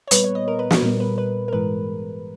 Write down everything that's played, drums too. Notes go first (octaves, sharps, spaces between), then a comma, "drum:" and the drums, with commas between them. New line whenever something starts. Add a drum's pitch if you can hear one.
C#5
A#2 G3 B3 B4, drum: hi-hat
C#5
D#5
A#4
B4
drum: snare
A#2 G3 B3 A#4
B4
B4
A#4
G#2 E3 G#3 B4